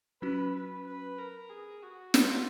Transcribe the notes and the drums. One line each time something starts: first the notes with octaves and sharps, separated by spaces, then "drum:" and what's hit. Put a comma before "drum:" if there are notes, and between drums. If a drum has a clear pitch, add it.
F#3 C#4 F#4 B4
B4
B4
A#4
G#4
F#4
F4, drum: snare